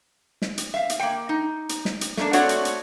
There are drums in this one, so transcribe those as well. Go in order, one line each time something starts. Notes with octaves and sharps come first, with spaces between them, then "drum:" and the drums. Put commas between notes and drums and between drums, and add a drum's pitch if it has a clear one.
drum: snare
drum: hi-hat
E5 F5
drum: hi-hat
A#3 G5
D#4
drum: hi-hat
drum: snare
drum: hi-hat
A3 A#3 D4, drum: snare
A3 C4 F#4 C#5 D5 F#5, drum: hi-hat
drum: hi-hat
drum: hi-hat